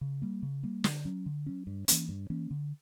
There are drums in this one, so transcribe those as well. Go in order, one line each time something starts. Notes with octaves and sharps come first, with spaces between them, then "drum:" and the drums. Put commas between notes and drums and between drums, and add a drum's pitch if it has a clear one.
C#3
G3 A#3
C#3
G3 A#3
D3, drum: snare
F#3 C#4
D3
F#3 C#4
G2
E3 A#3 C#4, drum: hi-hat
G2
E3 A#3 C#4
D3